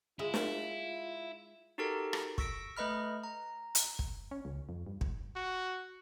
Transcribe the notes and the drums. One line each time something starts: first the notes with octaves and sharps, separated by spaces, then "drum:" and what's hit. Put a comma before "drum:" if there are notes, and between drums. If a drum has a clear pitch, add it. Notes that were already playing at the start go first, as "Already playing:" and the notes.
G#3 E4 F4
drum: snare
D#4 F#4 G4 A4 A#4 A#5
drum: rim click
C#6 E6 A#6 B6 D7, drum: kick
A3 B4 D#5 B5 F6
A#5
drum: hi-hat
drum: kick
C#4
C#2
F2
G2
D#1, drum: kick
F#4